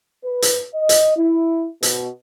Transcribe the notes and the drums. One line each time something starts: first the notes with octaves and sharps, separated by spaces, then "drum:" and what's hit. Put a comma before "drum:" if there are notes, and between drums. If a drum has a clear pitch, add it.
B4
drum: hi-hat
D#5
drum: hi-hat
E4
B2, drum: hi-hat